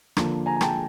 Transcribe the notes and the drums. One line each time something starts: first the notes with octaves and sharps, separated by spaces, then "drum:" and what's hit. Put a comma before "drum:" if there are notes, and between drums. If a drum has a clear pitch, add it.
D3 F3 A#3 D4, drum: rim click
G#5 A#5
A#5
G5 A5, drum: rim click